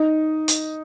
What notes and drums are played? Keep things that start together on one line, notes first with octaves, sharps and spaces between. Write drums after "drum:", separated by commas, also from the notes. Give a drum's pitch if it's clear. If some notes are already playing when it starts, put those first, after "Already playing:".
Already playing: D#4
drum: hi-hat